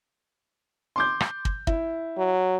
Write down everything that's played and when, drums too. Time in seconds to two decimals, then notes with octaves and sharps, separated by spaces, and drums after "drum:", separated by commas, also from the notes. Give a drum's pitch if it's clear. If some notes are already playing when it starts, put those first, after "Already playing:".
0.96 C6 D6 G6
1.20 drum: rim click
1.45 drum: kick
1.67 E4, drum: kick
2.18 F#3